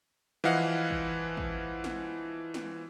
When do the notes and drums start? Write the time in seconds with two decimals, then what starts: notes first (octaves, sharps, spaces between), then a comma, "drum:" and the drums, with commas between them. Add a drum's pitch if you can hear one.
0.44 E3 F3 E4 D#5 F5 F#5
0.90 drum: kick
1.37 drum: kick
1.84 drum: snare
2.54 drum: snare